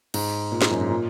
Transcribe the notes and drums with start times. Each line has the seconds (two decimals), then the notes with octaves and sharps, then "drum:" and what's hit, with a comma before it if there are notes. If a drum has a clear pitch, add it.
0.14 G#2, drum: cymbal
0.52 A#2
0.62 G#2, drum: snare
0.71 F#2
0.81 G#2
0.90 A#2